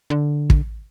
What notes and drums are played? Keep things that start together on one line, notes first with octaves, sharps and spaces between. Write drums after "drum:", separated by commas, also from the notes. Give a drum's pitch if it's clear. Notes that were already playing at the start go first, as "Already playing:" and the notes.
D3
drum: kick